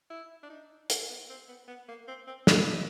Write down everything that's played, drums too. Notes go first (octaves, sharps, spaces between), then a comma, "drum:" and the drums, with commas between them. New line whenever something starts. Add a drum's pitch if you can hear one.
E4
D4
D#4
A#3, drum: hi-hat
B3
C4
B3
B3
A#3
C4
C4
C4, drum: snare
D4
D#4